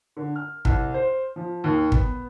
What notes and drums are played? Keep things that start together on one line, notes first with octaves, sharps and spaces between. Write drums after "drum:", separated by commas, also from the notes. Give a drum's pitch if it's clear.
D3
F6
C2, drum: kick
C5
F3
D#2
B3, drum: kick